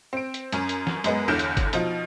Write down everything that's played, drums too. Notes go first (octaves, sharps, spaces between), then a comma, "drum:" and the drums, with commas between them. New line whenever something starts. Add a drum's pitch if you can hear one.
C4 D7
drum: hi-hat
F#2 C#4, drum: hi-hat
drum: hi-hat
drum: snare
F#2 G#3 B3, drum: hi-hat
G1 E2 D3 F6 G6 E7
drum: hi-hat
drum: kick G1, hi-hat
B2 F3 D#4, drum: hi-hat